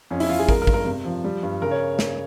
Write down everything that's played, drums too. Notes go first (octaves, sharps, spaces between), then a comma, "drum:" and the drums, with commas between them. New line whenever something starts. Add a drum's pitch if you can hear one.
F2 C#4
E4, drum: open hi-hat
F2 F4
G#4
G#3 A#4, drum: kick
A#4
G2, drum: kick
A#4
C3
F3
G3
G2
C#3 A#4
C#5
drum: snare